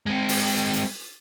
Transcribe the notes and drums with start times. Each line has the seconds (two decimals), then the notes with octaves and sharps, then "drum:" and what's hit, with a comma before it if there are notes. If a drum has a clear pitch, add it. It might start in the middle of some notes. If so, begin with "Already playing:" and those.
0.06 G#3 C4
0.29 drum: open hi-hat
0.74 drum: hi-hat